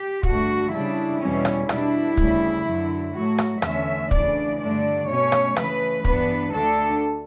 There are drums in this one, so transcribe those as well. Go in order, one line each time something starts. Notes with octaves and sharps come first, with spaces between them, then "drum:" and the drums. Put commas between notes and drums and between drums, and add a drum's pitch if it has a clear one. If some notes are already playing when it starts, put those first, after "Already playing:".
Already playing: G4
G2 D3 A3 F#4, drum: kick
C#3 G3 D4 E4
E2 B2 G3 C#4
drum: rim click
B2 G3 D4 E4, drum: rim click
D2 C#3 G3, drum: kick
F#2 D3 F#3
A2 F#3 A3 F#4
drum: rim click
E2 D3 A3 C#4 E5, drum: rim click
C#3 E3 A3 D4 D5, drum: kick
G2 D3 A3 D4 D5
B2 A3 C#4 C#5
drum: rim click
C#3 E3 A3 B4, drum: rim click
G2 E3 B3 D4 B4, drum: kick
D2 D3 A3 D4 A4